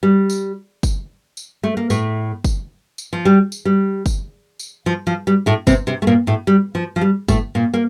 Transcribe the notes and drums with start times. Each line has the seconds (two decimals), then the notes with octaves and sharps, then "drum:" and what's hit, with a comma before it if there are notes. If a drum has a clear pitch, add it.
0.03 G3
0.30 drum: tambourine
0.83 drum: kick F#1, tambourine
1.37 drum: tambourine
1.63 A3
1.77 A#3
1.90 A2 A3, drum: tambourine
2.44 drum: kick F#1, tambourine
2.98 drum: tambourine
3.13 F3
3.25 G3
3.52 drum: tambourine
3.65 G3
4.06 drum: kick F#1, tambourine
4.59 drum: tambourine
4.86 F3
5.07 F3
5.27 G3
5.46 A2 A3
5.67 C3 C4, drum: kick F#1, tambourine
5.87 C3 C4
6.02 A3
6.07 A#2 A#3
6.27 A2 A3
6.47 G3
6.75 F3
6.96 F3
7.01 G3
7.28 A2 A3, drum: kick F#1, tambourine
7.55 A#2 A#3
7.74 A#3